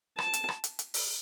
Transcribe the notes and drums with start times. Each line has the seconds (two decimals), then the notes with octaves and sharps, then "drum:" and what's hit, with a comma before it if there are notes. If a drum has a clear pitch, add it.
0.18 A5, drum: rim click
0.33 drum: hi-hat
0.49 drum: rim click
0.64 drum: hi-hat
0.79 drum: hi-hat
0.94 drum: open hi-hat